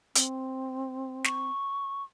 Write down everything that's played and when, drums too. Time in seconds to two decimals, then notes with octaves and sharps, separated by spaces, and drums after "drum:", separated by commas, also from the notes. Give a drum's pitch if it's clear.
0.15 C4, drum: hi-hat
1.24 C#6, drum: snare